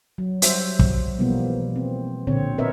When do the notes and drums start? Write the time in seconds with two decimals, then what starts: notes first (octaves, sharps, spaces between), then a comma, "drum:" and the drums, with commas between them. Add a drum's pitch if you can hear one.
0.18 F#3
0.42 G3 F#4 C5 E5, drum: hi-hat
0.79 drum: kick
1.19 B2 E3 F3 G3 A#3 B3
1.76 C4
2.27 A#2 D3 C4 C#5
2.58 C4 A#4 B4 C#5 D#5 E5